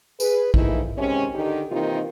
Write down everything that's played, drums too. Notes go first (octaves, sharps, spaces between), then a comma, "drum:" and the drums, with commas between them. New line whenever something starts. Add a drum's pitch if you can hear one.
G#4 B4, drum: tambourine
E3 F3 A3 A#3 D#4 E4, drum: kick A#1
C3 D#3 G#3 C#4
D3 D#3 D#4 G4
C3 D#3 E3 A#3 D#4 F4